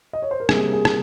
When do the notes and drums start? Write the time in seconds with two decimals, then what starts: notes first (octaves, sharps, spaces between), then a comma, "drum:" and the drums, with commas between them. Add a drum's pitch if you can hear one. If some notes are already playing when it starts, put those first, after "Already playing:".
0.13 D#5
0.22 C#5
0.31 C5
0.40 A#4
0.49 C3 G3 A#3 G#4, drum: rim click
0.73 G#4
0.85 drum: rim click